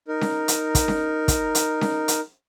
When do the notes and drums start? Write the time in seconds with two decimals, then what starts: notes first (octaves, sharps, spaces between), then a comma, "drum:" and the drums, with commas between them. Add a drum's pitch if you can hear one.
0.08 D#4 A#4
0.21 drum: snare C#4
0.48 drum: hi-hat
0.75 drum: kick, hi-hat
0.88 drum: snare C#4
1.28 drum: kick, hi-hat
1.55 drum: hi-hat
1.81 drum: snare C#4
2.08 drum: hi-hat